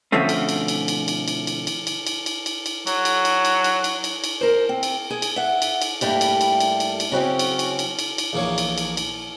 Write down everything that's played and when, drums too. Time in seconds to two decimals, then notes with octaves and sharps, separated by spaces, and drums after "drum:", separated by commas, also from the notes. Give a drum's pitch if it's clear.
0.12 B2 D3 F3 A3 C4 C#4
0.29 drum: cymbal
0.49 drum: cymbal
0.68 drum: cymbal
0.88 drum: cymbal
1.08 drum: cymbal
1.28 drum: cymbal
1.47 drum: cymbal
1.67 drum: cymbal
1.87 drum: cymbal
2.07 drum: cymbal
2.26 drum: cymbal
2.46 drum: cymbal
2.66 drum: cymbal
2.87 F#3, drum: cymbal
3.05 drum: cymbal
3.25 drum: cymbal
3.45 drum: cymbal
3.64 drum: cymbal
3.84 drum: cymbal
4.04 drum: cymbal
4.24 drum: cymbal
4.41 A#4 C5
4.69 C4
4.83 drum: cymbal
5.10 G#4
5.22 drum: cymbal
5.36 E5 F#5
5.62 drum: cymbal
5.82 drum: cymbal
6.01 G2 G3 A3 A#3, drum: cymbal
6.21 drum: cymbal
6.41 drum: cymbal
6.60 drum: cymbal
6.80 drum: cymbal
7.00 drum: cymbal
7.12 C#3 F#3 C4 C#4
7.39 drum: cymbal
7.59 drum: cymbal
7.79 drum: cymbal
7.99 drum: cymbal
8.18 drum: cymbal
8.33 A#1 E2 A#3 C#5
8.58 drum: cymbal
8.78 drum: cymbal
8.97 drum: cymbal